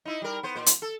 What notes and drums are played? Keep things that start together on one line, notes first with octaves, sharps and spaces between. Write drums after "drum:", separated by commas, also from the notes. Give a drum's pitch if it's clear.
D#4 E4
G3 A#4
B3 C5
A#2 C5
drum: hi-hat
A4